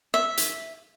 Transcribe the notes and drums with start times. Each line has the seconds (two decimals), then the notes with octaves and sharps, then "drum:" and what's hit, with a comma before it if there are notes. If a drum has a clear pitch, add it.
0.14 E5
0.37 drum: hi-hat